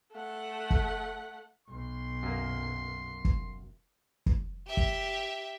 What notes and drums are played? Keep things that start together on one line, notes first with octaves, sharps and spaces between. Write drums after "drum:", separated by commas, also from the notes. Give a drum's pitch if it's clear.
A3 F#5
drum: kick
B1 C6
F#2 A#3
drum: kick
drum: kick
G4 E5
drum: kick